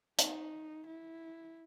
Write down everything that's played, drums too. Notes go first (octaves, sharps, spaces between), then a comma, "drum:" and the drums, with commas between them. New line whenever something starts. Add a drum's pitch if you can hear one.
D#4, drum: hi-hat
E4